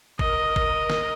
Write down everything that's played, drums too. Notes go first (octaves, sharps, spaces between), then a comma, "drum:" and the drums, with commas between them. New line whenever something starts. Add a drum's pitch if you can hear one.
A#4 D#5, drum: kick G#1
drum: kick G#1
drum: snare